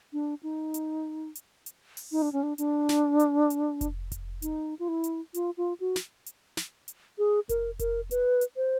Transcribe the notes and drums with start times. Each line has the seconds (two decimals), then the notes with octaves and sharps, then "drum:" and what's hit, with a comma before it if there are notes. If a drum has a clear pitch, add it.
0.13 D4
0.43 D#4
0.74 drum: hi-hat
1.35 drum: hi-hat
1.66 drum: hi-hat
1.97 drum: open hi-hat
2.12 D#4
2.22 D4
2.33 C#4
2.43 D4
2.58 D4, drum: hi-hat
2.89 drum: snare
3.20 drum: hi-hat
3.50 drum: hi-hat
3.81 drum: kick F1, hi-hat
4.12 drum: kick F1, hi-hat
4.42 D#4, drum: hi-hat
4.79 F4
4.88 E4
5.04 drum: hi-hat
5.34 F4, drum: hi-hat
5.57 F4
5.80 F#4
5.96 drum: snare
6.26 drum: hi-hat
6.57 drum: snare
6.88 drum: hi-hat
7.18 G#4
7.49 A#4, drum: kick F1, hi-hat
7.79 A#4, drum: kick F1, hi-hat
8.11 B4, drum: hi-hat
8.41 drum: hi-hat
8.56 C5